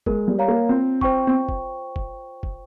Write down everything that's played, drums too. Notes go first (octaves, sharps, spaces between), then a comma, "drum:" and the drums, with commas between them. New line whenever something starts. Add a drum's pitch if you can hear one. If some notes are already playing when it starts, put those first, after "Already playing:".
G#3 A#4, drum: kick
G3
C#5 F5 A#5
A#3
C4 F4
C5 G5 C#6, drum: kick
C4
drum: kick
drum: kick
drum: kick